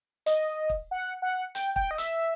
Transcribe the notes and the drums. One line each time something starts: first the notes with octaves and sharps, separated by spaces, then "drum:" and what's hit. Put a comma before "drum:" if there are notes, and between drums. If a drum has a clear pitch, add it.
D#5, drum: hi-hat
drum: kick
F#5
F#5
G5, drum: hi-hat
G5, drum: kick
D#5
E5, drum: hi-hat